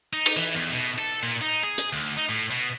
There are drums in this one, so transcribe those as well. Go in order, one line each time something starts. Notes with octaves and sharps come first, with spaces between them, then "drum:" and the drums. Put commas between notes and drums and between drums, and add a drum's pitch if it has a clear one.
D#4
drum: cymbal
E3
E2
B2
A4
A#2
D#4
G#4
drum: hi-hat
D2
D#4
A2
B2